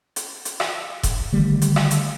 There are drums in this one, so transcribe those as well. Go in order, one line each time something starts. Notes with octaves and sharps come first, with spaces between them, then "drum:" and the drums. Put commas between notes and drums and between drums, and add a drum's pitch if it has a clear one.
drum: hi-hat
drum: hi-hat
drum: rim click
drum: kick E1, hi-hat
D3 D#3 G3 A3
drum: hi-hat
drum: rim click
drum: hi-hat